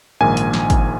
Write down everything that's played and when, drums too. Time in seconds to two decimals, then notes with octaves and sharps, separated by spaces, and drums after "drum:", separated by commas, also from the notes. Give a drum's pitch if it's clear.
0.21 A#1 G#2 D#3 A#3 G#5
0.37 drum: hi-hat
0.53 drum: snare
0.70 drum: kick, hi-hat